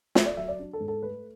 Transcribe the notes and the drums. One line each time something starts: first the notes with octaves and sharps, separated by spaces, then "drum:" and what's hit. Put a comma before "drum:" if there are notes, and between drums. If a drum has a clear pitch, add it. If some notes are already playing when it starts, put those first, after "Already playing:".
A3 E5, drum: snare
D5
F#3 E5
D5
D4
A4
G#2
A4
A3 B4